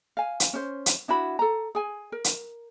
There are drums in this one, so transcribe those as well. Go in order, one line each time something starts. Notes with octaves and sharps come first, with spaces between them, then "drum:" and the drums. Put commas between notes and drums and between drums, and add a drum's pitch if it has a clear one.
F5 G#5
drum: hi-hat
C#4 C5
drum: hi-hat
D4 E4 F#4 B5
A4 A#5
G#4 G#5
A#4
drum: hi-hat